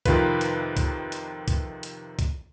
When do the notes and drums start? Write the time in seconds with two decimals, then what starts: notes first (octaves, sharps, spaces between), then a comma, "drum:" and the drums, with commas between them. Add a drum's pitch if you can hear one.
0.06 F2 C3 D#3 F4 B4, drum: kick C2, hi-hat
0.41 drum: hi-hat
0.77 drum: kick C2, hi-hat
1.12 drum: hi-hat
1.48 drum: kick C2, hi-hat
1.83 drum: hi-hat
2.19 drum: kick C2, hi-hat